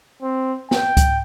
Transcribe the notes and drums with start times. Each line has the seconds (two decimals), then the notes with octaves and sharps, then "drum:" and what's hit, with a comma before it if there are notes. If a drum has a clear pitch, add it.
0.22 C4
0.71 G5, drum: snare
0.97 drum: kick C#2, hi-hat